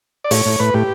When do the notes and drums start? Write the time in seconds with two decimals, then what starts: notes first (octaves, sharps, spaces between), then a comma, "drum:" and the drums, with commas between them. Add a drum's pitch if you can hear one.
0.24 D5
0.31 A2 C#5, drum: open hi-hat
0.46 A2
0.59 A2 B4
0.74 A2 G4